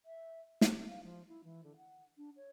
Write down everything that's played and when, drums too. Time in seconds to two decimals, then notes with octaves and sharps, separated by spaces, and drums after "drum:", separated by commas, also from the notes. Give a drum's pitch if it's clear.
0.05 E5
0.61 G4, drum: snare
0.86 F5
1.03 F3
1.28 E4
1.43 E3
1.63 D3
1.76 F#5
2.17 D4
2.36 C#5